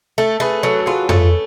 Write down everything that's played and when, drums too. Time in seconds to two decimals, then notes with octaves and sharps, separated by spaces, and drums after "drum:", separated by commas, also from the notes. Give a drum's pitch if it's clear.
0.18 A3 A4
0.40 A3 G#4 B4
0.63 F#3 A4 C#5
0.79 A4
0.86 F4 G#4 B4
1.09 A3 A4 C#5, drum: tom F2